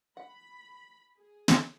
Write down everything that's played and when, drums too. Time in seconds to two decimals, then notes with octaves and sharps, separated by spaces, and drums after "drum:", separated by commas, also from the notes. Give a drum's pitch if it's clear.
0.17 F#5 B5
1.17 G#4
1.48 drum: snare